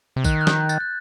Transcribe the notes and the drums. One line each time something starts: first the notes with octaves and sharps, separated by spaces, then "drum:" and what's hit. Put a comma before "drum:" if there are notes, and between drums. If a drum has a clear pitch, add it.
C3
D#3 F#6, drum: kick, tambourine
F#6
G6, drum: snare
A6, drum: tambourine
F#6